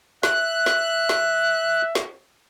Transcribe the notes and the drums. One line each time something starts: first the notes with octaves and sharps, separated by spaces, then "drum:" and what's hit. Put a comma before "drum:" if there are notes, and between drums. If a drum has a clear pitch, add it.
E5 F#6, drum: snare
drum: snare
drum: snare
drum: snare